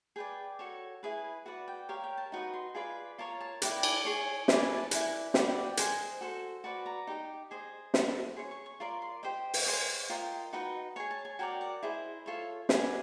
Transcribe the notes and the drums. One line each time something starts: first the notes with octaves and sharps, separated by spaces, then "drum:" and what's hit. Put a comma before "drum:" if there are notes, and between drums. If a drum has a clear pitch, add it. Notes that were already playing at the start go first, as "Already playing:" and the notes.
G#4 B4 D5 G5
F#4 A4 C#5
E4 G#4 B4
F#4 B4 D5 F#5
G5
G4 A#4 C#5 F5
G5
A5
D#4 F#4 B4 D#5
C6
F4 G#4 B4 D5 B5
F4 A#4 C#5 A5
A5
E4 G4 B4 D5 G5, drum: hi-hat
G#5, drum: cymbal
G#4 C#5
E4 G#4 B4 D5 G#5, drum: snare
G#5
A5
E4 G#4 B4 D5 G#5, drum: hi-hat
F#4 B4 D5 G5, drum: snare
F#5
G5
G#4 C5 D#5 G#5, drum: hi-hat
F#4 A4 C5
F#4 B4 D5 A5
A#5
D#4 G4 B4 D#5
G#4 C5 D#5
F#4 A4 C5 B5, drum: snare
G#4 C#5 C6
C#6
C#6
F4 A#4 D5 C6
C6
G4 C5 D#5 G5
drum: open hi-hat
G#4 C5 D#5
F4 A#4 D#5 G5
D#4 F#4 B4 D#5
G#4 C#5 G#5
A5
G#5
F#4 A#4 D5 G5
F#5
E4 G#4 C5 D#5
F4 A4 C#5
G#4 B4 D5 F#5, drum: snare